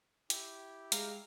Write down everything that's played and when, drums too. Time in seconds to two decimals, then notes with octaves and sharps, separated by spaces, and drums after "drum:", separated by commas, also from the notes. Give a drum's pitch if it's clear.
0.30 E4 G4, drum: hi-hat
0.92 G#3 F5 A#5, drum: hi-hat